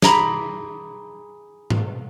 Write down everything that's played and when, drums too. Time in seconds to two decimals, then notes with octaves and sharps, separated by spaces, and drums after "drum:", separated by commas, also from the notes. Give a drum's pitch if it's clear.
0.02 G#4 A#5 B5 D6, drum: snare
1.70 drum: tom G#2